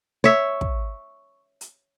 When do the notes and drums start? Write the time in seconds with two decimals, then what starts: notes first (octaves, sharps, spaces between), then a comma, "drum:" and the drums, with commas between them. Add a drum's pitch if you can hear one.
0.24 C#5 E5
0.61 drum: kick
1.61 drum: hi-hat